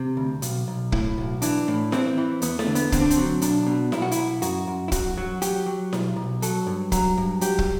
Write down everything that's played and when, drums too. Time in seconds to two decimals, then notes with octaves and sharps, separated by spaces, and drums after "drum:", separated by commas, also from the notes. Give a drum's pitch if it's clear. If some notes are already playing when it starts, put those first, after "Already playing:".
Already playing: C3
0.17 D2
0.42 B1, drum: hi-hat
0.68 B1
0.92 A2 E4, drum: kick
1.18 B1
1.42 E3 D4, drum: hi-hat
1.68 A2
1.92 E3 C4, drum: snare E4
2.18 E3
2.42 E2 B3, drum: hi-hat
2.59 A3, drum: snare E4
2.67 D3
2.75 B3, drum: hi-hat
2.92 D3 C4, drum: kick, hi-hat
3.01 D4
3.10 C4, drum: hi-hat
3.18 F#3
3.42 B1 D4, drum: hi-hat
3.67 B2
3.92 B1 E4, drum: snare E4
4.02 F#4
4.12 E4, drum: hi-hat
4.17 B1
4.42 F#2 F#4, drum: hi-hat
4.67 F#2
4.88 E4
4.92 F#2 F#4, drum: kick, hi-hat
5.17 F#3
5.42 F#3 G4, drum: hi-hat
5.66 F#3
5.93 B1, drum: snare E4
6.16 B1
6.42 F#3 A4, drum: hi-hat
6.67 G2
6.92 F#3, drum: kick, hi-hat
7.17 G2
7.41 F#3 G4, drum: hi-hat
7.59 drum: kick